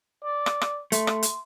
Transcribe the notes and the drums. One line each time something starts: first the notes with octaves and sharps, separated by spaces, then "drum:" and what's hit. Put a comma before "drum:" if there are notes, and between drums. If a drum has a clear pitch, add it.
D5
drum: rim click
drum: rim click
A3 C6, drum: hi-hat
drum: rim click
drum: hi-hat